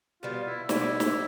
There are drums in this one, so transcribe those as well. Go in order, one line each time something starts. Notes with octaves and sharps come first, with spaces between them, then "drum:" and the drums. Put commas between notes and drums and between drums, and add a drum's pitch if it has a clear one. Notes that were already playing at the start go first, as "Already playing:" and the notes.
B2 G3 B3 F4
E4
B2 G3 B3 E4, drum: snare
drum: snare